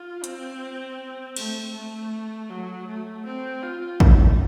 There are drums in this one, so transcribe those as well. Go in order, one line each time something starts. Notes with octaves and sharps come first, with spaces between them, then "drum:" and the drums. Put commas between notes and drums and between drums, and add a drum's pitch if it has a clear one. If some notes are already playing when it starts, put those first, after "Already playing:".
Already playing: F4
C4, drum: hi-hat
A3, drum: cymbal
A3
F#3
A3
C4
F4
D#4, drum: kick